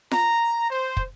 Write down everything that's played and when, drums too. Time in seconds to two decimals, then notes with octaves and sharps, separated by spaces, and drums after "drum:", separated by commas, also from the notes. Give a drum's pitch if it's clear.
0.11 A#5, drum: snare F4
0.71 C5
0.97 drum: kick